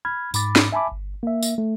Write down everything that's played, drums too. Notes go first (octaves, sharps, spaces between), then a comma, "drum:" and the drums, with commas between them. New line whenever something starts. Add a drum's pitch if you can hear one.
B5 F6 G#6
G#2 B5 D6 A6, drum: tambourine
drum: snare
E5 G#5 A5 B5 D6
G1
A#3 E5
drum: tambourine
A3